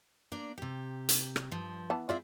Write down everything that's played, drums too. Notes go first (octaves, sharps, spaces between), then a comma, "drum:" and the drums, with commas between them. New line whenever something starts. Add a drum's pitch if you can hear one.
A#3 D4 D5
C3 G4
drum: hi-hat
drum: rim click
G2 F3
E3 B3 A5
C4 E4 F4 G#4 D5 E5